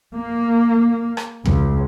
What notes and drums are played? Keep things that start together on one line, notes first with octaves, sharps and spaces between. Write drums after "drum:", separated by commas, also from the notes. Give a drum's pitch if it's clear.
A#3
drum: rim click
C#2, drum: tom E2